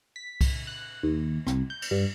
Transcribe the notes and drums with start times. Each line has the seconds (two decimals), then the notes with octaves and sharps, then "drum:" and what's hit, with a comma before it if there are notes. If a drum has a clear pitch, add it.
0.16 B6
0.41 drum: kick C2, cymbal
0.67 F#6
1.03 D#2
1.47 C2, drum: rim click
1.70 G6
1.82 drum: cymbal
1.91 G2